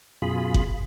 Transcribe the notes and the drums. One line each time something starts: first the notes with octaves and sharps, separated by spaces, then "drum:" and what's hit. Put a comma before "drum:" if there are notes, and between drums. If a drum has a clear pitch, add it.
F#2 B2 F4 G#4 B5
drum: kick G1